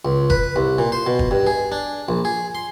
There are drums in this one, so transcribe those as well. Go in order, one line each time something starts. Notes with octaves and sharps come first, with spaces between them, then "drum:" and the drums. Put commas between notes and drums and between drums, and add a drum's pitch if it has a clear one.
C#2
B4, drum: kick
C2
A#2
C5
B2
drum: kick
G2
G#4
D4
A#1
G#4
C6